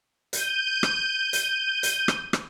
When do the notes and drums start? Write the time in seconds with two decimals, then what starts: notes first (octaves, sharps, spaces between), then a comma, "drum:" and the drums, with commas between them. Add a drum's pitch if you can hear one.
0.33 G6 D#7, drum: hi-hat
0.83 drum: rim click
1.33 drum: hi-hat
1.83 drum: hi-hat
2.08 drum: rim click
2.33 drum: rim click